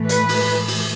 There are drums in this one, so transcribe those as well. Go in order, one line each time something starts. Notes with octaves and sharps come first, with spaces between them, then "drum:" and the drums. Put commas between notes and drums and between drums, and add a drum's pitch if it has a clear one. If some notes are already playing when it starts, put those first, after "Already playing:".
Already playing: A2 E3 A3
B4, drum: hi-hat
drum: open hi-hat
drum: open hi-hat